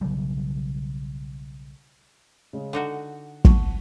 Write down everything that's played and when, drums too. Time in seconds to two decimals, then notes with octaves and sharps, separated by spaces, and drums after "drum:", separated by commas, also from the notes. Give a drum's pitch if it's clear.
0.01 B1 C#3 F#3 G3
2.53 C#3 G#3
2.73 D3 D#4 F#4 F#5
3.45 F#5 A5 C#6, drum: kick